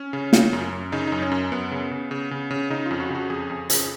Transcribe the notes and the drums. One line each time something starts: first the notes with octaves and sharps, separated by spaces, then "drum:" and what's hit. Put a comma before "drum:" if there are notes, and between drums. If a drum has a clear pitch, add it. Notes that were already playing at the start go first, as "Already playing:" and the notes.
Already playing: C#4
C#3
C#3, drum: snare
F#2
F#2
C#3 D#4
F#2 D#4
C#4
F#2
F#2 B3
C#3
C#3
C#3
C#3
C#3
C#3 D#4
F2 F4
F#4
C#3 F#4
F2 G#4
F2
C#3, drum: hi-hat